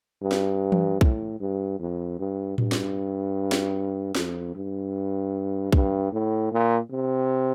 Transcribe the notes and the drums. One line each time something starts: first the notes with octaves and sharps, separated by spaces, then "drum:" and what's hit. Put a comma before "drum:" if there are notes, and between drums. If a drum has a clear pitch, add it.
G2
drum: snare
drum: tom E3
A2, drum: kick
G2
F2
G2
G2, drum: tom A2
drum: snare
drum: snare
F2, drum: snare
G2
G2, drum: kick
A2
A#2
C3